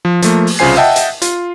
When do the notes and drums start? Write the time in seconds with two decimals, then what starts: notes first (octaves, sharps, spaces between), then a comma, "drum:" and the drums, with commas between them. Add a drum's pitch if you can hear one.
0.05 F3
0.22 F3 A3 A#3, drum: hi-hat
0.47 drum: open hi-hat
0.59 C2 C#3 F4 C5 G#5 C7
0.76 D#5 E5 F#5 G5 A5
0.96 drum: hi-hat
1.22 F4, drum: hi-hat